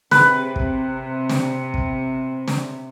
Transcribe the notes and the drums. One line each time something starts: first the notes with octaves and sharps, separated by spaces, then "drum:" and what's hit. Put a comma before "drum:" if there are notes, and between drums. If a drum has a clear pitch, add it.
C3 B4, drum: snare
drum: kick
drum: snare
drum: kick
drum: snare